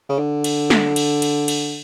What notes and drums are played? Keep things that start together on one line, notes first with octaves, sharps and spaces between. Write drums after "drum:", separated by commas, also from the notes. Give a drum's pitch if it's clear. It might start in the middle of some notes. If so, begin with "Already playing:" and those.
C#3
D3
drum: cymbal
drum: snare
drum: cymbal
drum: cymbal
drum: cymbal